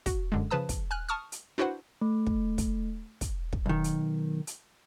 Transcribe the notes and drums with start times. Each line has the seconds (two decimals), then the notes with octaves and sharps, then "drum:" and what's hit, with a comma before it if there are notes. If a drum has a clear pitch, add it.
0.06 F#4, drum: kick, hi-hat
0.32 F#2 D3 G#3
0.51 C#3 F3 B4 A5 D#6
0.69 drum: kick, hi-hat
0.91 G#5 F6 F#6
1.09 A5 C#6 D#6 F6
1.32 drum: hi-hat
1.58 D4 E4 F#4 B4 C5 F#5
2.01 A3
2.27 drum: kick
2.58 drum: kick, hi-hat
3.21 drum: kick, hi-hat
3.53 drum: kick
3.66 B1 D#3
3.84 drum: hi-hat
4.47 drum: hi-hat